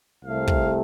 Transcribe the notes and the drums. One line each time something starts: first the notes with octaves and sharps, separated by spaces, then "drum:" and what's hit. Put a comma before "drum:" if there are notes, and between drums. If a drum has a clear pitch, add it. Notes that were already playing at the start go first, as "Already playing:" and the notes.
C2 C3 A3 F5
drum: kick